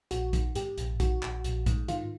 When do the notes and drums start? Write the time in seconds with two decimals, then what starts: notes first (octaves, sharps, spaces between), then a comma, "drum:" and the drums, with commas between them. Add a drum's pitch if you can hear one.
0.11 A#1 F#4, drum: hi-hat
0.33 D#3, drum: kick A#1, hi-hat
0.55 G#2 G4, drum: hi-hat
0.78 A#1, drum: hi-hat
1.00 D#3 F#4, drum: kick A#1, hi-hat
1.23 A#1, drum: clap
1.44 A#1, drum: hi-hat
1.66 G#2, drum: kick A#1, hi-hat
1.88 D#3 F4, drum: hi-hat